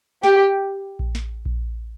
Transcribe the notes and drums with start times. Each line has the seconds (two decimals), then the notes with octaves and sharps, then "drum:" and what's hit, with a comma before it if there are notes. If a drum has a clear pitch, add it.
0.23 G4, drum: snare
0.99 drum: kick A#1
1.15 drum: snare
1.46 drum: kick A#1